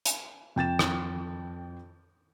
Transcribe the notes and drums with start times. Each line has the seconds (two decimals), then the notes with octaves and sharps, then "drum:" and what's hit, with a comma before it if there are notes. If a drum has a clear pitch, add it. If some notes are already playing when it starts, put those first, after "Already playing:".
0.05 drum: hi-hat
0.56 F2 G5 A6 E7
0.79 drum: rim click